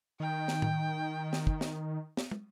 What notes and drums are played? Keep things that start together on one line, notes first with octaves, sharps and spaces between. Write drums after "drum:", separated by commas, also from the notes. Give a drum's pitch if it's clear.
D#3 G5
drum: snare
drum: tom
drum: snare
drum: kick
drum: snare
drum: snare
drum: tom